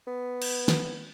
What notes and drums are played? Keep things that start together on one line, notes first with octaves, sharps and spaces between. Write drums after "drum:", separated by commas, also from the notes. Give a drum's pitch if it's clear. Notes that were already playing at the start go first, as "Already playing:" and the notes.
B3
drum: cymbal
drum: snare